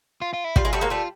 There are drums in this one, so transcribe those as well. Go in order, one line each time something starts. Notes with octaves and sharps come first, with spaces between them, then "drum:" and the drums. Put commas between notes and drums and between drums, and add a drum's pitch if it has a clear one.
F4
F4
E4
G3 F4, drum: kick
G#3
G3 A3 F#4
G#3 A#3
G3 A3 F4